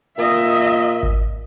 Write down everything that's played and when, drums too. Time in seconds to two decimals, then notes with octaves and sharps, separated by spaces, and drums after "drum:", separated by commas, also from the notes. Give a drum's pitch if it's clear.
0.18 A#2 D#5 E5
1.03 drum: kick G#1